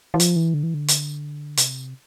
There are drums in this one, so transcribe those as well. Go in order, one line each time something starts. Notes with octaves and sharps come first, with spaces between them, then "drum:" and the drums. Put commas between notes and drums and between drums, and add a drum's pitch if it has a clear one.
E3
F3, drum: hi-hat
E3
D3
E3
D3
drum: hi-hat
C3, drum: hi-hat